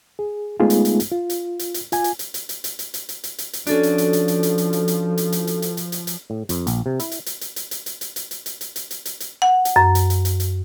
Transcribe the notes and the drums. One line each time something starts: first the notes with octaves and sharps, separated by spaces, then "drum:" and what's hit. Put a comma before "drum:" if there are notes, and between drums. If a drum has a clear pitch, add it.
G#4
G#3 A3 B3 D#4 F4 G#4
drum: hi-hat
drum: hi-hat
drum: hi-hat
F4
drum: hi-hat
drum: hi-hat
drum: hi-hat
F4 G#5, drum: hi-hat
drum: hi-hat
drum: hi-hat
drum: hi-hat
drum: hi-hat
drum: hi-hat
drum: hi-hat
drum: hi-hat
drum: hi-hat
drum: hi-hat
drum: hi-hat
drum: hi-hat
F3 C#4 D4 F#4 A4, drum: hi-hat
drum: hi-hat
drum: hi-hat
drum: hi-hat
drum: hi-hat
drum: hi-hat
drum: hi-hat
drum: hi-hat
drum: hi-hat
drum: hi-hat
drum: hi-hat
drum: hi-hat
drum: hi-hat
drum: hi-hat
drum: hi-hat
drum: hi-hat
A2
F2, drum: hi-hat
A#1, drum: hi-hat
C3
E4, drum: hi-hat
drum: hi-hat
drum: hi-hat
drum: hi-hat
drum: hi-hat
drum: hi-hat
drum: hi-hat
drum: hi-hat
drum: hi-hat
drum: hi-hat
drum: hi-hat
drum: hi-hat
drum: hi-hat
drum: hi-hat
drum: hi-hat
drum: hi-hat
F#5
drum: hi-hat
F#2
drum: hi-hat
drum: hi-hat
drum: hi-hat
drum: hi-hat